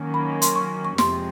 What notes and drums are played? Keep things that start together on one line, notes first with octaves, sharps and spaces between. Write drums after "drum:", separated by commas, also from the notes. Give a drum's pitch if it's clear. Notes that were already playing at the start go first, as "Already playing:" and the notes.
Already playing: D#3 F#3 A#3 C#4
B5
C6, drum: hi-hat
C#6
C#6
F2 C3 F3 G#3 C6, drum: snare